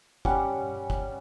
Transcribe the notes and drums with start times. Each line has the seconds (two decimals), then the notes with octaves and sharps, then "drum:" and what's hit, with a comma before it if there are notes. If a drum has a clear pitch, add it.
0.25 G3 C#4 F#5 D6, drum: kick
0.90 drum: kick